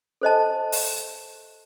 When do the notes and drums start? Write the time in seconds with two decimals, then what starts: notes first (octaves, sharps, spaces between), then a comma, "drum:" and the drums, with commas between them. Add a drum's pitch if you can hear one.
0.21 A4 C5 D#5 A5
0.72 drum: open hi-hat